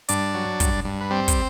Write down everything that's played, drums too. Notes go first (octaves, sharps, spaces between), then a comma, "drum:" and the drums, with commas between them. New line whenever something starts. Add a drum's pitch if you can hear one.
G2 D4 D5, drum: hi-hat
F#3
G2, drum: kick, hi-hat
G2
B4
G3 C4 C5
drum: kick, hi-hat